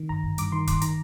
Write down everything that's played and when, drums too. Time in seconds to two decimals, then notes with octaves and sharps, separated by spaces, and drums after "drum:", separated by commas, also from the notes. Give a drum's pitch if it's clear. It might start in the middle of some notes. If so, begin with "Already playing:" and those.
Already playing: D#3
0.09 G1 A#5
0.23 G1
0.38 G2 D6, drum: hi-hat
0.52 D#3 C6
0.67 G1 D6, drum: kick, hi-hat
0.82 D#3 A#5, drum: hi-hat